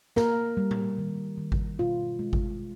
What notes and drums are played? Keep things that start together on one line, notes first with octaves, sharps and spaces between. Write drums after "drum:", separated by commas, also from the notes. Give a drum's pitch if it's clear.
A#3 A#4, drum: snare
G3
drum: tom A2
D#3
D#3
drum: kick G#1
B2 F4
G#3
drum: kick G#1